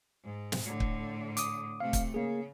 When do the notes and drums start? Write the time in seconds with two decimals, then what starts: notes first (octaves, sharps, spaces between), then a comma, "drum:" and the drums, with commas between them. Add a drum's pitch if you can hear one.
0.23 G#2
0.52 drum: snare
0.65 A2 D3
0.80 drum: kick
1.37 D6 D#6, drum: hi-hat
1.80 C3 A3 F5
1.93 drum: kick, hi-hat
2.14 C#3 A#3 G#4